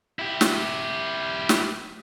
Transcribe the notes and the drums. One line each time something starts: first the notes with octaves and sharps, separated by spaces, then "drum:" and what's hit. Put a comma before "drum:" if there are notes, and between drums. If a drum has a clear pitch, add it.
E4 G4
drum: snare
drum: snare